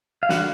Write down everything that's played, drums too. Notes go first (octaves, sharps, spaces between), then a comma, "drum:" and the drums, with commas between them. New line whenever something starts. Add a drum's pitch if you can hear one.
F5
D3 F#4 F#5, drum: snare